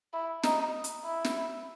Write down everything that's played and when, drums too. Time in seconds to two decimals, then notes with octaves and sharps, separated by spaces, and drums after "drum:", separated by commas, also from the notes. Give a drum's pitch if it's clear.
0.13 E4
0.43 D#4, drum: snare
0.84 drum: hi-hat
1.04 E4
1.25 drum: snare